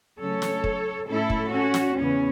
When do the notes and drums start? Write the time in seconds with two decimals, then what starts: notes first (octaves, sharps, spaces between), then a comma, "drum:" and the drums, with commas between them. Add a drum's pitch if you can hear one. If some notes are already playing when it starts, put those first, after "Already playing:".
0.19 C#3 F#3 A3 C#4 A4 C#5
0.42 drum: snare
0.64 drum: kick
1.08 A2 A3 C#4 E4 A4
1.30 drum: kick
1.52 C#4 F#4
1.74 drum: snare
1.95 E2 C#3 E3 B3 C#4